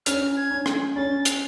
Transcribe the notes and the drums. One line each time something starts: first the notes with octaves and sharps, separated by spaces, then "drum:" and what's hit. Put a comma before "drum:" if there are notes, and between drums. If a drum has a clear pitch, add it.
C#4 F6, drum: hi-hat
G#6
C#4
drum: rim click
C#4 A6
drum: hi-hat